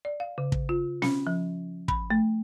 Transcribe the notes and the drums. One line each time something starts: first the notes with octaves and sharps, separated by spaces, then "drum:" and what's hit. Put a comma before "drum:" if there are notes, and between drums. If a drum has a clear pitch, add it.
D5
F5
C#3
drum: kick
F4
C#4, drum: snare
F3
B5, drum: kick
A3